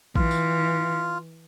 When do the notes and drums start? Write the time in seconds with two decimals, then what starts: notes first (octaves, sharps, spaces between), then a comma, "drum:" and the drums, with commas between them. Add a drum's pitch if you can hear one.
0.16 E3 F4, drum: kick A#1
0.31 drum: tambourine